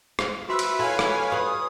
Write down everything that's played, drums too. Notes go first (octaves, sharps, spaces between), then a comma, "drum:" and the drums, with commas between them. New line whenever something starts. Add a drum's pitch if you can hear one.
C5 C#5 F5, drum: rim click
F#4 B4 E5 C6 E6
drum: cymbal
E4 F4 A4 C#5 F5 G#5
drum: rim click
F4 G4 B4 D5 D#6